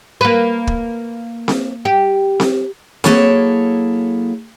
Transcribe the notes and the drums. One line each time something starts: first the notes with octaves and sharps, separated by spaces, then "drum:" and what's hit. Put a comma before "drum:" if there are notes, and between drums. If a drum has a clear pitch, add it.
A#3 B4
drum: kick
drum: snare C4
G4
drum: snare C4
F#3 A#3 E4 G#4 A4 C#5, drum: snare C4